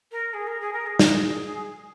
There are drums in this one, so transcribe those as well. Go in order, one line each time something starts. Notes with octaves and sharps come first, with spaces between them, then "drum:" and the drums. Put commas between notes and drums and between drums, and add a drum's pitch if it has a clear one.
A#4
G#4
A#4
G#4
A#4
G#4
A#4, drum: snare
G#4